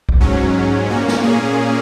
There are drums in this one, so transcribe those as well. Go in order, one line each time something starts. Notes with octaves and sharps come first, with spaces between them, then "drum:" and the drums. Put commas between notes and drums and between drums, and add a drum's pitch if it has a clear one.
drum: kick
G#2 F#3 C#4
A#2 A#3 C#4
drum: snare
G#4